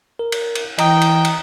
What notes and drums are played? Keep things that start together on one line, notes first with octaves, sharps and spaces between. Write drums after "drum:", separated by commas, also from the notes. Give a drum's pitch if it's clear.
A#4
drum: cymbal
drum: cymbal
E3 D#5 G5 A#5 D#6, drum: cymbal
drum: cymbal
drum: cymbal